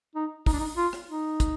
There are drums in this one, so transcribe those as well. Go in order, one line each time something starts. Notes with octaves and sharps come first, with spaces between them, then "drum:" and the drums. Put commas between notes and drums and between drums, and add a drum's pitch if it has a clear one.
D#4
D#4, drum: kick, open hi-hat
D4
D#4
F4
drum: rim click
D#4
drum: kick, hi-hat